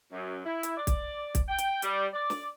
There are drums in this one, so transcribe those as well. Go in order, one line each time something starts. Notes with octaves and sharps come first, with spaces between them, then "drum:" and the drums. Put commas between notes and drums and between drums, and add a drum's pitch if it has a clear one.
F#2
E4
drum: hi-hat
D5
drum: kick, hi-hat
drum: kick, hi-hat
G5
drum: hi-hat
G3, drum: hi-hat
D5
drum: snare